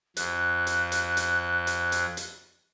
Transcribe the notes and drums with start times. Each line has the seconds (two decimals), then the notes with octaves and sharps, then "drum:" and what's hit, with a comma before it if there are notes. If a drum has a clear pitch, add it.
0.17 F2 F#6, drum: hi-hat
0.67 drum: hi-hat
0.92 drum: hi-hat
1.17 drum: hi-hat
1.67 drum: hi-hat
1.92 drum: hi-hat
2.17 drum: hi-hat